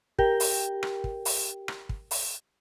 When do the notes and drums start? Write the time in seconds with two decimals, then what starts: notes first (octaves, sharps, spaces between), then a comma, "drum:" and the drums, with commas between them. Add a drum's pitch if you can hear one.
0.19 G4 A#4 G5, drum: kick
0.40 drum: open hi-hat
0.83 drum: rim click
1.04 drum: kick
1.25 drum: open hi-hat
1.68 drum: rim click
1.89 drum: kick
2.11 drum: open hi-hat